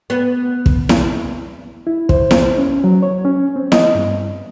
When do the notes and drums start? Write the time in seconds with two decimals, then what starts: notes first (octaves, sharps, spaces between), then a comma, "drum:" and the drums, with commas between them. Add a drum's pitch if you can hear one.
0.10 B3
0.66 drum: kick
0.89 drum: snare E4
1.87 E4
2.09 C5, drum: kick
2.31 drum: snare E4
2.58 C#4
2.84 F#3
3.03 C#5
3.25 C#4
3.56 C4
3.72 D#5, drum: snare E4
3.95 G2